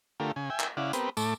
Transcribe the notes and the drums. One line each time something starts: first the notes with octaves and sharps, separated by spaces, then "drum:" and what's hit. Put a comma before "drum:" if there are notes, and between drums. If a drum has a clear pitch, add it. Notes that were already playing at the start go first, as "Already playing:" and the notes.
D3 A3 F4 G4 A#4
C#3 G#5
E5 G5 G#5
drum: clap
C#3 E4 D5 F5 F#5
B3 C4 G4 A#4 B4, drum: hi-hat
A2 A3 A5 D6, drum: tambourine